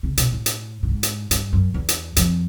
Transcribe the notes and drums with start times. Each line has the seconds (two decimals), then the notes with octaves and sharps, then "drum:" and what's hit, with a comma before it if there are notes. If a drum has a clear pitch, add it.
0.03 C#3
0.17 B2, drum: hi-hat
0.32 A2
0.46 drum: hi-hat
0.83 A2
0.89 G#2
1.03 drum: hi-hat
1.31 G2, drum: hi-hat
1.53 F#2
1.74 E2
1.89 drum: hi-hat
2.16 F2, drum: hi-hat